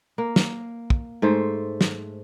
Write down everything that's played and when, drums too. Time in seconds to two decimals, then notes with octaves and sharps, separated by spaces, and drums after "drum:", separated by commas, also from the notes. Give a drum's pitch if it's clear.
0.18 A#3
0.36 drum: snare
0.90 drum: kick
1.22 G#2 A3 C5
1.81 drum: snare